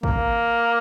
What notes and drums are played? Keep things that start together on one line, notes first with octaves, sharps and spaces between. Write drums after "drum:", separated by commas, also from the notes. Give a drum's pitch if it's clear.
A#3, drum: kick